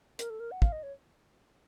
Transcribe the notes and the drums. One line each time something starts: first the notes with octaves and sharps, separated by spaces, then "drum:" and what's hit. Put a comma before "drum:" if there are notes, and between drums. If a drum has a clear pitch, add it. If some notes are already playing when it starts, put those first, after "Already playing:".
A#4, drum: hi-hat
A4
A#4
F#5
F5, drum: kick
D#5
C#5